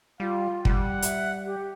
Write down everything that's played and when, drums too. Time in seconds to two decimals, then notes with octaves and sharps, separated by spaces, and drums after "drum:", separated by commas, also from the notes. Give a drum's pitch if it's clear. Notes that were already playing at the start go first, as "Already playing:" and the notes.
0.20 G3 F4 F5
0.65 G3 F#5, drum: kick
1.02 E5, drum: hi-hat
1.45 G4